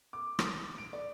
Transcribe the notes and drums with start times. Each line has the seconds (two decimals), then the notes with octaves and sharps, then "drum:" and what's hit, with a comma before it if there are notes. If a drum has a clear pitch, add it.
0.13 D6
0.39 drum: rim click
0.78 D7
0.93 D5